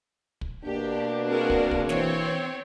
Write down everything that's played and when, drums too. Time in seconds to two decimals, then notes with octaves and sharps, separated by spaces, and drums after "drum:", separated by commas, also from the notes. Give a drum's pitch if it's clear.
0.41 drum: kick
0.65 B2 A#3 D4 G4
1.29 C4 F#4 G#4 A#4
1.50 drum: kick
1.71 drum: kick
1.89 E3 C4 C#5, drum: snare